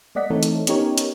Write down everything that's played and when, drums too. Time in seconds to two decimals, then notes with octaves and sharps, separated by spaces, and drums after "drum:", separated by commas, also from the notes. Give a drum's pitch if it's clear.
0.15 G#3 A#3 D5 D#5 F#5 B6
0.30 E3 A3 C4 D#4 A4 C#5
0.43 drum: hi-hat
0.67 B3 C#4 D#4 G4 A#4 C#5, drum: hi-hat
0.98 drum: hi-hat